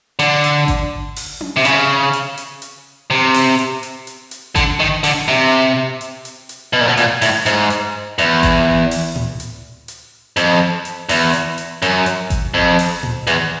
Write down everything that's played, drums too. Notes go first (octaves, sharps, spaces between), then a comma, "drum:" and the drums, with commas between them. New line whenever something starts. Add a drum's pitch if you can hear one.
D3, drum: hi-hat
drum: hi-hat
drum: kick G#1, hi-hat
drum: open hi-hat
drum: tom C#4
C3
C#3, drum: hi-hat
drum: hi-hat
drum: hi-hat
drum: hi-hat
C3
drum: open hi-hat
drum: hi-hat
drum: hi-hat
drum: hi-hat
drum: hi-hat
D3, drum: kick G#1, hi-hat
D#3
D3, drum: open hi-hat
C3
drum: hi-hat
drum: hi-hat
drum: hi-hat
B2
A#2
B2
A#2, drum: hi-hat
A2, drum: open hi-hat
G#2, drum: hi-hat
drum: hi-hat
E2, drum: hi-hat
drum: kick G#1, hi-hat
drum: open hi-hat
drum: tom A2
drum: hi-hat
drum: hi-hat
F2, drum: hi-hat
drum: hi-hat
E2, drum: open hi-hat
drum: hi-hat
drum: hi-hat
F#2, drum: hi-hat
drum: hi-hat
drum: kick G#1, hi-hat
F2
drum: open hi-hat
drum: tom A2
E2, drum: hi-hat